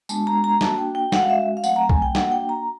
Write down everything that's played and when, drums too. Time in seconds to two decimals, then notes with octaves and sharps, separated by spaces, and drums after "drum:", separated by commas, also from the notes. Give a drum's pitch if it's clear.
0.09 G#3 B3 D4 F#4 A5, drum: tambourine
0.27 A#5
0.44 A#5
0.61 A#3 D4 F#4 A5, drum: snare
0.78 G5
0.95 G5
1.12 G#3 C#4 F#4 F#5, drum: snare
1.22 F5
1.30 E5
1.57 F5
1.64 F#3 A3 C4 F#5, drum: tambourine
1.76 A#5
1.89 G#5, drum: kick B1
2.02 G5
2.15 A#3 D4 F#4 F#5, drum: snare
2.32 G5
2.49 A#5